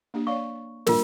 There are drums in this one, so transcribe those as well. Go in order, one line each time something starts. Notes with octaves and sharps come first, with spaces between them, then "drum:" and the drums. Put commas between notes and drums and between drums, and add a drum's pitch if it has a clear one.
A#3 D4 G4
C#5 D5 F5 C#6
G3 A#3 D4 F4 A#4, drum: snare